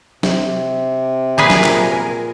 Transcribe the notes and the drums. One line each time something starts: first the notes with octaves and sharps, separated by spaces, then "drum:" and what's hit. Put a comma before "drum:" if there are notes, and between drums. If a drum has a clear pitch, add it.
C3, drum: snare
A#2 F3 G#4 A#4 B4 G#5
drum: snare
drum: clap